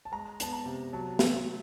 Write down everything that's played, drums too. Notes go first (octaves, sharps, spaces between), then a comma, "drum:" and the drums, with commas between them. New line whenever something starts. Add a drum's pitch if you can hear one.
A5
G#3 A#5
B3 A5, drum: hi-hat
A#5
C3
F#3 A5
A3, drum: snare